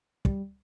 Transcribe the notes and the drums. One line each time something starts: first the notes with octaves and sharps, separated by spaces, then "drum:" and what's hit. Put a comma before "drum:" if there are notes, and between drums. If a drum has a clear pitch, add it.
G3, drum: kick